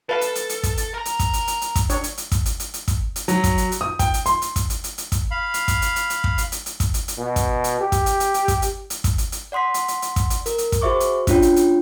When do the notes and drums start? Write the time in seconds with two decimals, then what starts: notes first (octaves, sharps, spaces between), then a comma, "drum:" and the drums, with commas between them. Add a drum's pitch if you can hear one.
0.09 A4 B4 F5 A5
0.21 drum: hi-hat
0.35 drum: hi-hat
0.49 drum: hi-hat
0.63 drum: kick, hi-hat
0.77 drum: hi-hat
0.94 A#4 A#5
1.05 drum: hi-hat
1.19 drum: kick, hi-hat
1.33 drum: hi-hat
1.47 drum: hi-hat
1.61 drum: hi-hat
1.76 drum: kick, hi-hat
1.90 D4 C#5, drum: hi-hat
2.04 drum: hi-hat
2.18 drum: hi-hat
2.32 drum: kick, hi-hat
2.46 drum: hi-hat
2.60 drum: hi-hat
2.74 drum: hi-hat
2.88 drum: kick, hi-hat
3.16 drum: hi-hat
3.28 F#3, drum: hi-hat
3.44 drum: kick, hi-hat
3.58 drum: hi-hat
3.72 drum: hi-hat
3.81 D#6
3.99 G5, drum: kick, hi-hat
4.14 drum: hi-hat
4.26 C6, drum: hi-hat
4.42 drum: hi-hat
4.56 drum: kick, hi-hat
4.70 drum: hi-hat
4.84 drum: hi-hat
4.98 drum: hi-hat
5.12 drum: kick, hi-hat
5.31 F5 B5
5.54 drum: hi-hat
5.68 drum: kick, hi-hat
5.82 drum: hi-hat
5.96 drum: hi-hat
6.10 drum: hi-hat
6.24 drum: kick
6.38 drum: hi-hat
6.52 drum: hi-hat
6.66 drum: hi-hat
6.80 drum: kick, hi-hat
6.94 drum: hi-hat
7.08 drum: hi-hat
7.18 B2
7.36 drum: kick, hi-hat
7.64 drum: hi-hat
7.81 G4
7.92 drum: kick, hi-hat
8.06 drum: hi-hat
8.20 drum: hi-hat
8.34 drum: hi-hat
8.48 drum: kick, hi-hat
8.62 drum: hi-hat
8.90 drum: hi-hat
9.04 drum: kick, hi-hat
9.18 drum: hi-hat
9.32 drum: hi-hat
9.52 D5 F#5 C6 D#6 B6
9.74 drum: hi-hat
9.88 drum: hi-hat
10.02 drum: hi-hat
10.16 drum: kick, hi-hat
10.30 drum: hi-hat
10.46 A#4, drum: hi-hat
10.58 drum: hi-hat
10.72 drum: kick, hi-hat
10.81 F#4 G#4 C5 E5 C#6 D6
11.00 drum: hi-hat
11.27 A3 C#4 D4 F4 C#5 G5, drum: kick, hi-hat
11.42 drum: hi-hat
11.56 drum: hi-hat